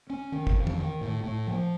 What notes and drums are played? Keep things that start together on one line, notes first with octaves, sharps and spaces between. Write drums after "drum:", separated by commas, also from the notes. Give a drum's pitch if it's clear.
C#4
D#3
drum: kick
F2
drum: tom
D#3
A2
A2
F3